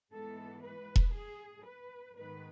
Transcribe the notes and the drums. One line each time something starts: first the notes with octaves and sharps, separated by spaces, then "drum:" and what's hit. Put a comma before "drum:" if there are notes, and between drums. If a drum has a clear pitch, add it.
G#2 E3 G#3 B3 A4
B4
drum: kick E1
G#4
B4
G#2 D#3 G#3 B3 B4